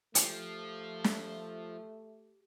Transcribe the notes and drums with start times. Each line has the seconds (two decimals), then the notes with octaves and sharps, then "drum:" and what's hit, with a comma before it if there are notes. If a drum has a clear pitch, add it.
0.15 F3 A3 G4, drum: hi-hat
1.04 drum: snare